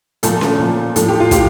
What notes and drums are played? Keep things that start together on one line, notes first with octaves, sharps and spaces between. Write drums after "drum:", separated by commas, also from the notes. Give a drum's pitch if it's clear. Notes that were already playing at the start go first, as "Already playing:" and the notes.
A#2 F3 A3 A4, drum: hi-hat
drum: snare C#4
A#2 F3
A2 F3 A4, drum: hi-hat
G4
F4
A2 G4, drum: kick, hi-hat